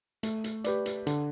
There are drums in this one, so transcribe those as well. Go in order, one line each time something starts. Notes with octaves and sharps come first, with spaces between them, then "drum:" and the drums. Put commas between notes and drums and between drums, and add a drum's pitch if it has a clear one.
A3, drum: hi-hat
drum: hi-hat
G4 B4 D5, drum: hi-hat
drum: hi-hat
D3, drum: hi-hat